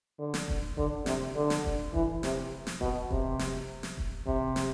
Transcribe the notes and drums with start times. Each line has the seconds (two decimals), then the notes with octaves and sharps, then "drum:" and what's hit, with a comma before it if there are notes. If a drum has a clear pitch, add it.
0.19 D3
0.34 drum: snare
0.48 drum: kick E1
0.77 D3, drum: kick E1
1.06 C3, drum: snare
1.36 D3
1.50 drum: snare
1.65 drum: kick E1
1.94 E3, drum: kick E1
2.23 C3, drum: snare
2.67 drum: snare
2.81 B2, drum: kick E1
3.11 C3, drum: kick E1
3.39 drum: snare
3.83 drum: snare
3.98 drum: kick E1
4.27 C3, drum: kick E1
4.56 drum: snare